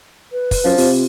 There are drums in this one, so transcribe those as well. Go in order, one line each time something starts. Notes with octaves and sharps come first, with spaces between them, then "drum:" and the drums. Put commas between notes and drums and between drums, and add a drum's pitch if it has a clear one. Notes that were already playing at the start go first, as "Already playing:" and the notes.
B4
drum: kick, open hi-hat
F#2 F3
C3 F4, drum: open hi-hat
F4